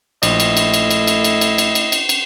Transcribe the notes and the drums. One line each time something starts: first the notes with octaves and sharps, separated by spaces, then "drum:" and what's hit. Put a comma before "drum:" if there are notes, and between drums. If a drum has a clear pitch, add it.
A#1 A3 E4 D#5, drum: cymbal
drum: cymbal
drum: cymbal
drum: cymbal
drum: cymbal
drum: cymbal
drum: cymbal
drum: cymbal
drum: cymbal
drum: cymbal
drum: cymbal
drum: cymbal